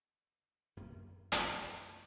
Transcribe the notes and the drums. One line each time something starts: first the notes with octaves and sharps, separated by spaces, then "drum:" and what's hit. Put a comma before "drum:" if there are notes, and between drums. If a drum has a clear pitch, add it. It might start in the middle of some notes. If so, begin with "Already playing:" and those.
F#2 A#3
drum: hi-hat